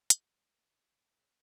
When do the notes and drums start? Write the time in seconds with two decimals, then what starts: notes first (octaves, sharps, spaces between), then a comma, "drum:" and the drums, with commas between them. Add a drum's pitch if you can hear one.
0.10 B3 E4, drum: hi-hat
0.37 G2 C3 G3 A3 C#5 F#5
0.58 B3 E5
0.73 E2
0.97 D2 G5 A#5
1.17 G#4 B4 C#5 D#5 E5 F#5